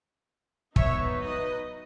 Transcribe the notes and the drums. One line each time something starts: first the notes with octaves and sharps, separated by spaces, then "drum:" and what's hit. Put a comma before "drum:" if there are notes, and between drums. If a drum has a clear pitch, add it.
F#3 B3 D#4 C#5 E5, drum: kick
B4 D#5